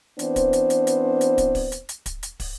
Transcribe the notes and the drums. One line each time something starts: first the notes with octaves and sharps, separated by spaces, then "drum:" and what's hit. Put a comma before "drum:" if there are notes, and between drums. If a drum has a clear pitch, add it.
E3 B3 C4 D4 C5, drum: hi-hat
drum: kick, hi-hat
drum: hi-hat
drum: hi-hat
drum: hi-hat
drum: hi-hat
drum: kick, hi-hat
drum: kick, open hi-hat
drum: hi-hat
drum: hi-hat
drum: kick, hi-hat
drum: hi-hat
drum: kick, open hi-hat